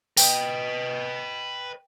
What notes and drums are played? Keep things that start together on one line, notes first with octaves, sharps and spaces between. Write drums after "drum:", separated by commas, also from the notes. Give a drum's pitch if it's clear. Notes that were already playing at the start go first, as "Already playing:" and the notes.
B4 D#5 G5, drum: open hi-hat